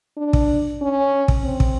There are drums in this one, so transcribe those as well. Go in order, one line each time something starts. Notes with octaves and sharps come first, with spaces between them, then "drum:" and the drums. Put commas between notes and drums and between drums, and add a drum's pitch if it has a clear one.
D4
drum: kick
C#4
drum: kick
C4
drum: kick